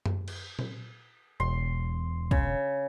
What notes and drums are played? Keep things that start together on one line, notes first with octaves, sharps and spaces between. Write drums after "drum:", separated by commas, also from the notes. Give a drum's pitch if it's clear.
drum: tom F#2
drum: cymbal
drum: tom A#2
E1 C6
C#3, drum: kick B1